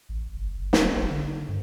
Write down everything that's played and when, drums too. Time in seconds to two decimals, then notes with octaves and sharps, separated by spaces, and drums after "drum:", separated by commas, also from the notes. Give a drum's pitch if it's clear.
0.09 A1
0.34 F#1
0.58 F#1
0.73 D#1, drum: snare
0.96 A1
1.10 D3
1.49 G2